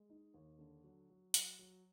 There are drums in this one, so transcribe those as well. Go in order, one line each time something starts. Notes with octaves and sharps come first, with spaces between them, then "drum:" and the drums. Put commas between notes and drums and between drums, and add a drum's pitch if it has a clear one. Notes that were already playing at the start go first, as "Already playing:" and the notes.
Already playing: G#3
D#4
D#2
D3
F#3
F#3
F#3, drum: hi-hat
F#3